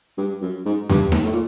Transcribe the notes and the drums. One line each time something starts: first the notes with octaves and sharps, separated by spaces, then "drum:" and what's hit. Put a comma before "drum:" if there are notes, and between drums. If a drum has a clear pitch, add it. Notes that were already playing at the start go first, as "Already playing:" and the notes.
G2
F#2
G#2
G2, drum: tom E2
drum: snare D#4
A2
A#2